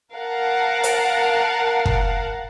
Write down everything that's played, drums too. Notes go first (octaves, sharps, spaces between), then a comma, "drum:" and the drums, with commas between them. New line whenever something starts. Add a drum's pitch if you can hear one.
A#4 F5 F#5 A5
drum: hi-hat
drum: kick